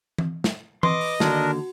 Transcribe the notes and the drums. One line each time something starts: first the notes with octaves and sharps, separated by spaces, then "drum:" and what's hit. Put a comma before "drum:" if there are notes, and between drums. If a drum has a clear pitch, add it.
drum: tom E3
drum: snare
B4 D#5 C6 D6, drum: tom E3
drum: open hi-hat
D#2 D3 D4 F#4 A#4, drum: snare